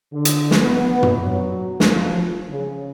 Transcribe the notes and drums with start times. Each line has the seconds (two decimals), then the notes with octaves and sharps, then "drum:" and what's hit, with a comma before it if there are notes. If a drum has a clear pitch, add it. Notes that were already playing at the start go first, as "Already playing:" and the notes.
0.13 D3
0.25 drum: hi-hat
0.51 drum: snare
0.61 B3
1.03 drum: tom
1.23 F#3
1.80 F3, drum: snare
2.49 C#3